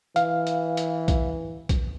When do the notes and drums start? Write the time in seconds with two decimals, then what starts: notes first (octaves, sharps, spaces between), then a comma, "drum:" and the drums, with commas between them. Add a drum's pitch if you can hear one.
0.16 E3 F5, drum: hi-hat
0.47 drum: hi-hat
0.77 drum: hi-hat
1.08 drum: kick A#1, hi-hat
1.69 drum: kick A#1, hi-hat